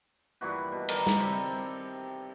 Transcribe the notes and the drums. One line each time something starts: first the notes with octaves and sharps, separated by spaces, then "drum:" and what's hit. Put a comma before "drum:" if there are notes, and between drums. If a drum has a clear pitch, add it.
G2 A#2 E3 F#4
B2
D#3 G3 A4 A#4, drum: cymbal
drum: snare
C3 G3 C4